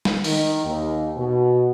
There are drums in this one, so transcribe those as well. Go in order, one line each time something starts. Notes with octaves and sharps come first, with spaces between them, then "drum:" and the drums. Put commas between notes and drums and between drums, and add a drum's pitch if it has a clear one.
drum: snare
D#3, drum: open hi-hat
D#2
B2